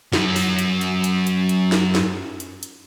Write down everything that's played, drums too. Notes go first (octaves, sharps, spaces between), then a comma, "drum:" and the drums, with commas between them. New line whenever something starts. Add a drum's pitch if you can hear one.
F#2 F#3, drum: snare
drum: open hi-hat
drum: hi-hat
drum: hi-hat
drum: hi-hat
drum: hi-hat
drum: hi-hat
drum: snare
drum: snare
drum: hi-hat
drum: hi-hat